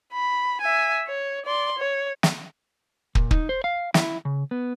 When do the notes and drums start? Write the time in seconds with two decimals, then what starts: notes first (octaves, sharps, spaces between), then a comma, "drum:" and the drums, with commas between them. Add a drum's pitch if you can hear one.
0.13 B5
0.61 E5 G#5
1.07 C#5
1.46 D5 C6
1.78 C#5
2.23 drum: snare
3.15 A#2, drum: kick
3.31 D#4, drum: kick
3.49 C5
3.64 F5
3.94 E4, drum: snare
4.25 C#3
4.51 B3